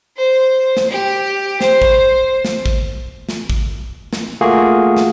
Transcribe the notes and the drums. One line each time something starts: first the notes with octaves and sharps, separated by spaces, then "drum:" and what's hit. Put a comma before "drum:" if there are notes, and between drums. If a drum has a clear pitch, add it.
C5
drum: snare
G4
C5, drum: snare
drum: kick
drum: snare
drum: kick
drum: snare
drum: kick
drum: snare
A3 A#3 F4 F#4 G#4
drum: snare